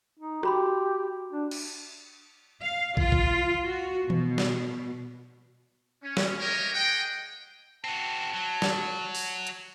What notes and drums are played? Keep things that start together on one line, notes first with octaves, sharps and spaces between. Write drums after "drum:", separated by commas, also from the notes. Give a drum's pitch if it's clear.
D#4
F#4 G4 B5 C6, drum: rim click
D4
drum: cymbal
F5
F4, drum: kick
drum: kick
F#4
B2, drum: tom D#3
drum: snare
C#4
drum: snare
A3 A#3 G4 A#4 C#5 D#5
G#4 D#5 F#5 G5
C4 F#4 A5
F#3
drum: snare
drum: open hi-hat
drum: hi-hat